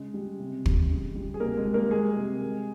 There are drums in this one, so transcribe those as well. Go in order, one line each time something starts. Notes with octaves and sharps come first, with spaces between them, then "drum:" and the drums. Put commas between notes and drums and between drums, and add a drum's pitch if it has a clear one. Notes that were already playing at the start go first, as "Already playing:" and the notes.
Already playing: C#3 G#3
G3
C3
G3, drum: kick
C#3
G3
G#4
C3 A#3 A#4
G#3 G#4
G3
A#3 A#4
G#3 G#4
C3
G#3